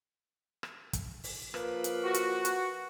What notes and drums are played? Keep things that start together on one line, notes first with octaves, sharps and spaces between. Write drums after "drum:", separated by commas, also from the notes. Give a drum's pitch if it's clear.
drum: rim click
drum: kick, hi-hat
drum: open hi-hat
F3 A#3 B4, drum: rim click
drum: hi-hat
F#4
drum: hi-hat
drum: hi-hat